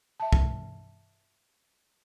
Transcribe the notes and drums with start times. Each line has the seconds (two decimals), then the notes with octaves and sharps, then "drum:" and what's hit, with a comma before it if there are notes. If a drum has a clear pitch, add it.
0.20 E5 A5
0.33 drum: kick